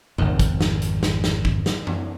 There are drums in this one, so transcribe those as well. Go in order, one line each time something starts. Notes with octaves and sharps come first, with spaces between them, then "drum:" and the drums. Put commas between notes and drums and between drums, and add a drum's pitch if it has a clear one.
G#1 F2, drum: tom
drum: kick, hi-hat
drum: snare
drum: hi-hat
drum: snare
drum: snare
drum: kick
drum: snare
drum: tom